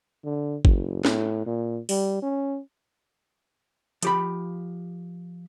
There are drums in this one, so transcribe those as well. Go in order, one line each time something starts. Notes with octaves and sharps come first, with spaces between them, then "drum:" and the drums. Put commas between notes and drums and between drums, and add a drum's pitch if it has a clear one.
D3
F#1, drum: kick G#1
A2, drum: snare
A#2
G3, drum: open hi-hat
C#4
F3 G4 B5, drum: hi-hat